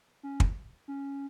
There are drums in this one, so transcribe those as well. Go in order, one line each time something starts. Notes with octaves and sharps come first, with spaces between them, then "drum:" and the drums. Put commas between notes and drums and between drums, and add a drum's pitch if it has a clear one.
C#4
drum: kick
C#4